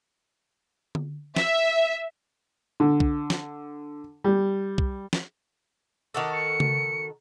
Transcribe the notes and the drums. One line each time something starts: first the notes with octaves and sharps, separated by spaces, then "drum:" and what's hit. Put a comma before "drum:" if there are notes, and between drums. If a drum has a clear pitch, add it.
drum: tom D3
E5, drum: snare
D3
drum: kick
drum: snare
G3
drum: kick
drum: snare
D#3 F#4 A4 D6
C#7
drum: tom C#3